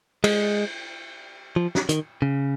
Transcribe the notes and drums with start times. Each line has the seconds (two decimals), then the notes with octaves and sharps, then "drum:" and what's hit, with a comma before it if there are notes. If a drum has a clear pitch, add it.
0.24 G#3, drum: cymbal
1.56 F3
1.75 drum: snare
1.89 D#3, drum: hi-hat
2.22 C#3